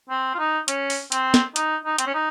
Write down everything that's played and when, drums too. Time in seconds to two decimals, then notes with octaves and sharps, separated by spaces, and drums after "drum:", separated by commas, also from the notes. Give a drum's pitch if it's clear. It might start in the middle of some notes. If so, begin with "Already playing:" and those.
0.09 C4
0.35 F4
0.39 D#4
0.68 C#4, drum: hi-hat
0.90 drum: open hi-hat
1.12 C4, drum: hi-hat
1.34 drum: snare
1.56 D#4, drum: hi-hat
1.85 D#4
1.98 C4, drum: hi-hat
2.07 C#4
2.14 D#4